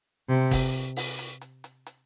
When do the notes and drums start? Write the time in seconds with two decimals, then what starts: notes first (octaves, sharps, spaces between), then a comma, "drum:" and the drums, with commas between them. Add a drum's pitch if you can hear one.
0.29 C3
0.51 drum: kick F#1, open hi-hat
0.96 drum: open hi-hat
1.19 drum: hi-hat
1.41 drum: hi-hat
1.64 drum: hi-hat
1.86 drum: hi-hat